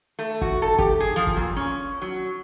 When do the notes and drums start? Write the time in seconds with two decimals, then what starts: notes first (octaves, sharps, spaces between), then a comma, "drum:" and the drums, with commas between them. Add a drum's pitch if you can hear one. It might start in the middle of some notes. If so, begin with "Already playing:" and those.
0.19 A3
0.41 F#4, drum: kick
0.62 A4
0.79 G4, drum: kick
1.00 G#4
1.16 F3
1.27 drum: kick
1.37 A#2
1.56 C#4
2.02 F#3